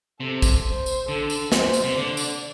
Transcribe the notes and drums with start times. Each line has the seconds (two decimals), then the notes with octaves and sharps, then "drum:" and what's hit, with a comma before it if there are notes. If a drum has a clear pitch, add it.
0.20 C3 A4
0.42 drum: kick B1, tambourine
0.65 C5
0.86 drum: tambourine
1.08 D3 A4
1.30 drum: tambourine
1.52 C5, drum: snare
1.73 drum: tambourine
1.84 C3
1.96 D3 D5
2.17 drum: tambourine